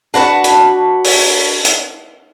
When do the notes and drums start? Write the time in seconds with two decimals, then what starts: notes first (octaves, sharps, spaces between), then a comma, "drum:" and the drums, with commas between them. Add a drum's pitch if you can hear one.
0.14 D4 F#4 B4 A5
0.44 drum: hi-hat
1.04 drum: open hi-hat
1.65 drum: hi-hat